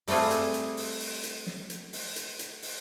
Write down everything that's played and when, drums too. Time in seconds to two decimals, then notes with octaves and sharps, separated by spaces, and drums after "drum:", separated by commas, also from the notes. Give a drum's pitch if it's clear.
0.08 G3 A3 C4 F4 G#4, drum: open hi-hat
0.31 drum: hi-hat
0.54 drum: hi-hat
0.77 drum: open hi-hat
1.00 drum: open hi-hat
1.23 drum: hi-hat
1.47 drum: snare
1.70 drum: hi-hat
1.93 drum: open hi-hat
2.16 drum: hi-hat
2.39 drum: hi-hat
2.62 drum: open hi-hat